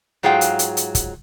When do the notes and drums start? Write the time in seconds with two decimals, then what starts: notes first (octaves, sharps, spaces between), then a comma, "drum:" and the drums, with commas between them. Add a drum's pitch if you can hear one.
0.23 G#2 F#3 F4 G#4 F5 G5
0.41 drum: hi-hat
0.59 drum: hi-hat
0.77 drum: hi-hat
0.95 drum: kick, hi-hat